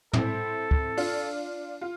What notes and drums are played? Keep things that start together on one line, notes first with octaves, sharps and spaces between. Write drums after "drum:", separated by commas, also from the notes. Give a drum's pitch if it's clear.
C4 E4 A4, drum: tom
drum: kick
D4 F4, drum: open hi-hat
F4